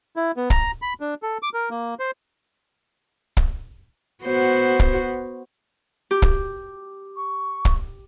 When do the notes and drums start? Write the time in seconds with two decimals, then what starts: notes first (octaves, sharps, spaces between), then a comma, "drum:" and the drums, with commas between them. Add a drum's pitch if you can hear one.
0.16 E4
0.37 B3
0.50 A#5, drum: kick
0.82 B5
1.00 D4
1.23 A4
1.42 D6
1.54 A#4
1.70 A#3
1.99 C5
3.37 drum: kick
4.23 B3 F#4 C5
4.79 drum: kick
6.11 G4
6.22 drum: kick
7.16 C#6
7.65 drum: kick